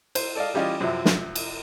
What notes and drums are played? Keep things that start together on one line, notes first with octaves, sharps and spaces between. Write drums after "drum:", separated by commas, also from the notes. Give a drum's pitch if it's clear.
C5, drum: cymbal
A4 D5 D#5 F5
E3 G3 C#4 F4 D5 D#5
F#2 C3 F3 E4
drum: snare
drum: cymbal